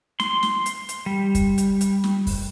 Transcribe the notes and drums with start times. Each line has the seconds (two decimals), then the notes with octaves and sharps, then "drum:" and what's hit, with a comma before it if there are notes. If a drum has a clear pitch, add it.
0.20 C6, drum: snare
0.43 drum: snare
0.66 drum: hi-hat
0.89 drum: hi-hat
1.06 G3
1.35 drum: kick, hi-hat
1.58 drum: hi-hat
1.81 drum: hi-hat
2.04 drum: snare
2.27 drum: kick, open hi-hat